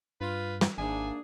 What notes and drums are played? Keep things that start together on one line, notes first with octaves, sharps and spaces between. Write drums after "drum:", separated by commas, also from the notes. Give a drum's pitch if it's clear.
G2 F4 B4
drum: snare
G#1 G#2 A#3 D4 G#4 E5 G#5